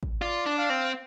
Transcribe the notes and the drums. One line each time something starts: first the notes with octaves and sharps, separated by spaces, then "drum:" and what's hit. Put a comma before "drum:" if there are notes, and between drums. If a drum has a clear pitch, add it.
drum: kick
F4 D5
D4
F5
C4